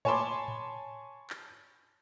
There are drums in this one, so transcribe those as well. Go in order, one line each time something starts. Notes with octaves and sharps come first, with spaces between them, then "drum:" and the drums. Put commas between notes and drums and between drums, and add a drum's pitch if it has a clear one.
C#5 G#5 A5 B5 C6 D6, drum: tom A2
drum: tom A2
drum: clap